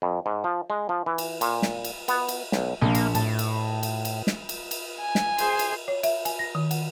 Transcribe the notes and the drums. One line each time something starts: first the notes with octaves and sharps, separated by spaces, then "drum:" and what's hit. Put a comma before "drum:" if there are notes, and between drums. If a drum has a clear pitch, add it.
F2
G#2
F3
G#3
F3
E3
drum: cymbal
A#2, drum: cymbal
drum: snare
drum: cymbal
B3, drum: cymbal
drum: cymbal
B1, drum: snare
A#1 A#3
drum: cymbal
A2 A5, drum: cymbal
drum: cymbal
drum: cymbal
drum: cymbal
drum: snare
drum: cymbal
drum: cymbal
G#5
drum: snare
G#4 C5, drum: cymbal
drum: cymbal
C#5
E5, drum: cymbal
G#5, drum: cymbal
A#6
D#3
F#5, drum: cymbal